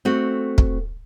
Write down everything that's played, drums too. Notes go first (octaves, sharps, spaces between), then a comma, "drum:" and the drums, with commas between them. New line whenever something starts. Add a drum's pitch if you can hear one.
A3 C4 F#4
drum: kick